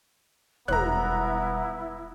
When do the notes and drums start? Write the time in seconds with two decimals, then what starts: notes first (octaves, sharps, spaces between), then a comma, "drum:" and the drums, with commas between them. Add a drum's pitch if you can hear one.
0.68 E1 G3 B3 E4 A#5 F#6, drum: tom